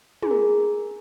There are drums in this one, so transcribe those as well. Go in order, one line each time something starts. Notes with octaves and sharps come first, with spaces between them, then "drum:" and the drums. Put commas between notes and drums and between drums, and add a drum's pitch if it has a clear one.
G#4, drum: tom
A#4